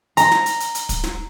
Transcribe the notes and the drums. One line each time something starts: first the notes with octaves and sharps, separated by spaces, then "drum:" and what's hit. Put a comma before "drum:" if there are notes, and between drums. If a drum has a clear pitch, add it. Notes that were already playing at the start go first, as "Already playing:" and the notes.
A#5, drum: hi-hat
drum: snare
drum: hi-hat
drum: hi-hat
drum: hi-hat
drum: kick, hi-hat
drum: snare